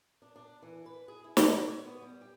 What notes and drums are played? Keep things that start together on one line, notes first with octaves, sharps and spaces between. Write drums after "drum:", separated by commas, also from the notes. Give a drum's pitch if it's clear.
D4
D4
E3
B4
G#4
E4
F#3, drum: snare
D5
C#5
B3
G3
G4